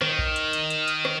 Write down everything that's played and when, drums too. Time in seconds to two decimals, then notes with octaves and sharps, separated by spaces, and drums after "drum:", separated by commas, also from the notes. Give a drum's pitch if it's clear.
0.02 D#3, drum: rim click
0.19 drum: kick B1
0.36 drum: hi-hat
0.53 drum: hi-hat
0.70 drum: hi-hat
0.88 drum: hi-hat
1.05 drum: rim click